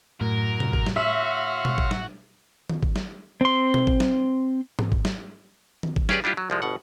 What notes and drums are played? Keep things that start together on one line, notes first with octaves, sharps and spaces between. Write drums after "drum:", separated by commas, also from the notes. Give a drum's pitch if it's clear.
F#2 A2 A#4
drum: tom C3
drum: kick G#1
drum: snare
F#4 C#5 E5 F5 C6
drum: tom B2
drum: kick G#1
drum: snare
drum: tom D#3
drum: kick G#1
drum: snare
C4 C6
drum: tom B2
drum: kick G#1
drum: snare
drum: tom G#2
drum: kick G#1
drum: snare
drum: tom D#3
drum: kick G#1
C#4 G4 G#4 B4 D5, drum: snare
G3 D4 E4 F4 G4
F#3
C2 F3 G#3
G1 B2 F#5